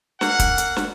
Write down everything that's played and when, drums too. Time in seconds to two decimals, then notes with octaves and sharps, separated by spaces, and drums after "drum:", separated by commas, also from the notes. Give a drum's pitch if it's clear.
0.21 A#3 F#5, drum: snare
0.39 drum: kick, hi-hat
0.58 drum: hi-hat
0.76 drum: snare